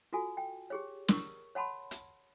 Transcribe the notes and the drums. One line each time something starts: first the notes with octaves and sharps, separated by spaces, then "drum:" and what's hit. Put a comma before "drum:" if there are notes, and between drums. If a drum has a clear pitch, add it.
F4 F#4 A4 G#5
G5
G4 G#4 C#5
A#4 C#6, drum: snare
C#5 F#5 A5 B5 C6
drum: hi-hat